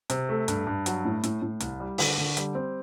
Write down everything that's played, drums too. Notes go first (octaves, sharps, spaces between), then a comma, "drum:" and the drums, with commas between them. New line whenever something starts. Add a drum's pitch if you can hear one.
C3, drum: hi-hat
A3
G2, drum: hi-hat
G2
F#3, drum: hi-hat
A2
A2, drum: hi-hat
A2
C2, drum: hi-hat
G3
D3, drum: open hi-hat
D3
G3, drum: hi-hat
C4